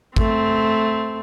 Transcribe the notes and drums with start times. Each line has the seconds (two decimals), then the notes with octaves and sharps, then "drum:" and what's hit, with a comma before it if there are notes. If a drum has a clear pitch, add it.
0.16 A3 C4, drum: kick